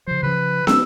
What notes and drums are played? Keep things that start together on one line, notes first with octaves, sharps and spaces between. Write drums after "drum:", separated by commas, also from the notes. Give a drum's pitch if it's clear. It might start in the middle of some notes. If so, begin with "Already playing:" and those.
C#3 F3 C5
C#3 F3 B4
G#3 C#4 E6, drum: snare